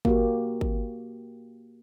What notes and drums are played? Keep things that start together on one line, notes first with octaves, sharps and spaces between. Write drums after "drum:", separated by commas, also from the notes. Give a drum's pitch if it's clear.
A#3 F#4 G4, drum: kick G#1
drum: kick G#1